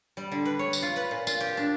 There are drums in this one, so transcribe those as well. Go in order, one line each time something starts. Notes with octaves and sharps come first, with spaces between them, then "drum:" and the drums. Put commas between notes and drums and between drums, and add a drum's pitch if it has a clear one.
G3
D3
B4
C#5
drum: tambourine
F4
B4
A#2
F4, drum: tambourine
G4
D4